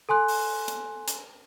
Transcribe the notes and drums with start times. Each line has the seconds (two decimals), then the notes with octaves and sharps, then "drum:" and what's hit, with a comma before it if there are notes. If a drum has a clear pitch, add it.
0.09 A4 G#5 C6 F#6
0.28 drum: open hi-hat
0.68 drum: hi-hat
1.08 drum: hi-hat